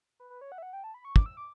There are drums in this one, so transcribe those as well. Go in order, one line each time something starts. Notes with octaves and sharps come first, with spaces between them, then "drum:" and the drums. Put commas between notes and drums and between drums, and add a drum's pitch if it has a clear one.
B4
B4
C#5
F#5
E5
F#5
G5
A5
B5
C#6
D6, drum: kick
E6
D6